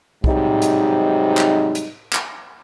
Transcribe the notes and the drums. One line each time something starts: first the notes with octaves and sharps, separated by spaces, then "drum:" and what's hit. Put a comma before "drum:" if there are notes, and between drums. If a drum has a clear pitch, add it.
G#2 C3 F#3 G3 D#4, drum: kick
drum: hi-hat
drum: clap
drum: hi-hat
drum: clap